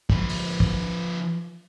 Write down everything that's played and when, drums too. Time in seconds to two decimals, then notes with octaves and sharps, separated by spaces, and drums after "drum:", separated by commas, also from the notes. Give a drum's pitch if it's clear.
0.10 F3 B4, drum: kick
0.29 drum: open hi-hat
0.60 drum: kick